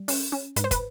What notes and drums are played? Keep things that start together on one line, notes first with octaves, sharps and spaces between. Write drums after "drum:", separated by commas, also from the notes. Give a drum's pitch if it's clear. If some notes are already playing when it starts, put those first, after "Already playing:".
Already playing: G3
C#4, drum: open hi-hat
C#4
G#2 B4, drum: hi-hat
C5
B4, drum: kick, hi-hat